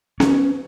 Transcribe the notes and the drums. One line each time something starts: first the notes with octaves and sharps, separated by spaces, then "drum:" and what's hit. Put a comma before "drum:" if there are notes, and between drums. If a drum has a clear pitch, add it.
C#4, drum: snare B3